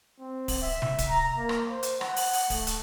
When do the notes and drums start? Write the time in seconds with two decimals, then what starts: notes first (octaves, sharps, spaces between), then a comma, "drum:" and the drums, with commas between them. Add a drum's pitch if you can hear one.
0.20 C4
0.48 drum: kick D1, open hi-hat
0.62 E5
0.82 drum: tom C3
0.99 drum: kick D1, hi-hat
1.09 A#5
1.38 A#3
1.49 drum: rim click
1.70 C5
1.83 drum: hi-hat
2.01 F#5, drum: rim click
2.16 drum: open hi-hat
2.33 drum: open hi-hat
2.50 A3, drum: kick D1, open hi-hat
2.67 drum: hi-hat